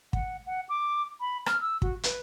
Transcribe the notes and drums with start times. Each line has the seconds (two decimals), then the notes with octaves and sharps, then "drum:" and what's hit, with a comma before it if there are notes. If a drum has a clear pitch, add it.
0.13 F#5, drum: kick
0.46 F#5
0.69 D6
1.20 B5
1.46 F6, drum: rim click
1.61 E6
1.82 F#4, drum: kick
2.03 B4, drum: hi-hat